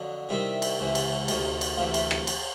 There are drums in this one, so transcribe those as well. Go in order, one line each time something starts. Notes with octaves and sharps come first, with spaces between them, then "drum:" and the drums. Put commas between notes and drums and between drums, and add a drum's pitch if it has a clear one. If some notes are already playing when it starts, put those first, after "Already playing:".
Already playing: F2 D3 F#3
C3 D#3 G3 C4 E4
drum: cymbal
C#2 C3 E3
drum: cymbal
D2 C3 D#3, drum: cymbal
drum: cymbal
D2 C3 E3 F3 F4
E4, drum: cymbal
drum: rim click
drum: cymbal